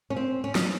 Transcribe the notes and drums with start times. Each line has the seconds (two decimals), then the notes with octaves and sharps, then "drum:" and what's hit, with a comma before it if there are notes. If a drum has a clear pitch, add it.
0.10 C#4
0.16 C4
0.44 C#4
0.55 D#4, drum: snare